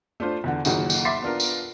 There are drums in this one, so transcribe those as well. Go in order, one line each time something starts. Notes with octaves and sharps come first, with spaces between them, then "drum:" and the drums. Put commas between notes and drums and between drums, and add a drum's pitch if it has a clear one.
A3 D4 F4 C5
E2 D3 F#5
F#1 A#2 D#3 F#4 G#4 F#5, drum: tambourine
drum: tambourine
E5 B5 C6 D6 A6 C7
B3 D4 F4 A#4
drum: tambourine